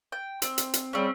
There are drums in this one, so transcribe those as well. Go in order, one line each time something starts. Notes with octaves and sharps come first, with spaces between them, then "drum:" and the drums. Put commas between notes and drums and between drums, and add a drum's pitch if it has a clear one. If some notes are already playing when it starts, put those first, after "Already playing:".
G5
C4, drum: hi-hat
drum: hi-hat
drum: hi-hat
C#3 G3 C4 C#4